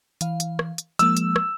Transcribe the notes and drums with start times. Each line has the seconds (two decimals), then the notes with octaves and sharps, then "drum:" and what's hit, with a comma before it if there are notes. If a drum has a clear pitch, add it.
0.21 E3 F5, drum: hi-hat
0.40 drum: hi-hat
0.59 drum: rim click
0.78 drum: hi-hat
0.99 F3 G#3 A#3 E6, drum: hi-hat
1.17 drum: hi-hat
1.36 drum: rim click